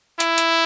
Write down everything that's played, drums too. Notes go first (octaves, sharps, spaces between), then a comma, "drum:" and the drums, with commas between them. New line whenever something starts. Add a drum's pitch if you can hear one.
E4, drum: hi-hat
drum: hi-hat